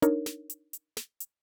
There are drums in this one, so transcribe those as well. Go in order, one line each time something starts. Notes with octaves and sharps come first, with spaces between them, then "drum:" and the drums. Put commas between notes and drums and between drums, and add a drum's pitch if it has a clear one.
D4 D#4 A#4 C#5, drum: hi-hat
drum: snare
drum: hi-hat
drum: hi-hat
drum: snare
drum: hi-hat